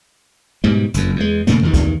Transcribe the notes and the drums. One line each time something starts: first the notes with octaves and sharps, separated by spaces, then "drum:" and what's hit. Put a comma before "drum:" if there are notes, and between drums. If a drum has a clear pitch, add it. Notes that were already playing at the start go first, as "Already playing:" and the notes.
G#2 B2 G3
F#1 F2, drum: hi-hat
E2 G#3
A#2 C#3 A3 A#3, drum: hi-hat
E2 G2 D#3
drum: kick C#2, hi-hat